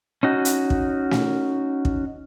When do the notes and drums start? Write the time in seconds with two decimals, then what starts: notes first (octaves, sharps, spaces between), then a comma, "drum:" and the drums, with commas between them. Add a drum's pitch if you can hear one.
0.23 C#4 D#4 F#4
0.45 drum: hi-hat
0.70 drum: kick
1.11 drum: snare
1.85 drum: kick